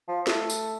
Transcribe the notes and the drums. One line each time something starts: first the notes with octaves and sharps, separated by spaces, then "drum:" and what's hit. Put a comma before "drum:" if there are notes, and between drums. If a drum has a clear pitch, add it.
F3
A3, drum: snare
drum: tambourine